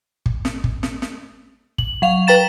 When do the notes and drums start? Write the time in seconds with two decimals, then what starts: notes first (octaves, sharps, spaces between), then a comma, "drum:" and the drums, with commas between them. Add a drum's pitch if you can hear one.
0.26 drum: kick
0.45 drum: snare
0.64 drum: kick
0.83 drum: snare
1.02 drum: snare
1.78 F#7, drum: kick
2.02 F#3 F5 F7
2.27 B4 G5 A#5 A6 E7